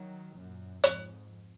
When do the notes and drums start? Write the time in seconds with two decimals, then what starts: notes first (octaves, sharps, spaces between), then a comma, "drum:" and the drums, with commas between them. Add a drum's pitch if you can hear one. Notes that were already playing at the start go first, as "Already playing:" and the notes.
Already playing: D#3 F#3
0.37 F#2 A#2
0.84 F2 G#2, drum: hi-hat